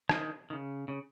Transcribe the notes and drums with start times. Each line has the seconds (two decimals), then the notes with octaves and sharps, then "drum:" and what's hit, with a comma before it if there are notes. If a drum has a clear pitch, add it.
0.09 D#3, drum: rim click
0.50 D#3
0.53 C#3
0.88 C#3